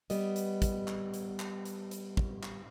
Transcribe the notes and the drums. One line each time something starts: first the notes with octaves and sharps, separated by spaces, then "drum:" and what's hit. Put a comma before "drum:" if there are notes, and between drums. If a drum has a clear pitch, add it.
G3 B3 D#5, drum: hi-hat
drum: hi-hat
drum: kick, hi-hat
drum: clap
drum: hi-hat
drum: clap
drum: hi-hat
drum: hi-hat
drum: kick
drum: clap